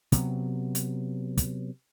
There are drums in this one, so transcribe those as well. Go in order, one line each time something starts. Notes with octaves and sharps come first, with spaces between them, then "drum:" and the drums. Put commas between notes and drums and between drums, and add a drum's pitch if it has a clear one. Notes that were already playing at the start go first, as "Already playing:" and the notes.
C3 F#3 B3, drum: kick, hi-hat
drum: hi-hat
drum: kick, hi-hat